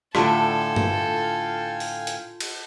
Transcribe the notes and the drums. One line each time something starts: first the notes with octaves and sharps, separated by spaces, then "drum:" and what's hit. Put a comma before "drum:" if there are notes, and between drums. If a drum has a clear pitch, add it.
A2 D3 F4 A4 F5 G5 G#5 D7, drum: rim click
drum: tom
drum: open hi-hat
drum: hi-hat
drum: cymbal